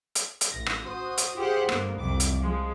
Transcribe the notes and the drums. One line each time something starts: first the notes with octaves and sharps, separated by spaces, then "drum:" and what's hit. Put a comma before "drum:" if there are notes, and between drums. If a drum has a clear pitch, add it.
drum: hi-hat
drum: hi-hat
A1 A#6
drum: rim click
F#4 C5 D#6
drum: hi-hat
F4 G4 G#4 C5 F#5
G1 A#3 B3, drum: rim click
C2 F2 D6
drum: hi-hat
F3 G#3